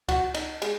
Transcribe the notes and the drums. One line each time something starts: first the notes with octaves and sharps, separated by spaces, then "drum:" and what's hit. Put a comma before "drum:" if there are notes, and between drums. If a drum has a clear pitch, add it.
F#4, drum: kick C#2, cymbal
D#4, drum: cymbal
G#3, drum: cymbal